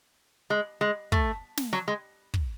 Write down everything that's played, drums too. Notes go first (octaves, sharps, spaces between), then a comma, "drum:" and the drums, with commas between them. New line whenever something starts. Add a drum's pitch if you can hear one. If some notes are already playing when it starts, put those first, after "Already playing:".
G#3
G#3
A3, drum: kick
drum: snare
F#3
G#3
drum: kick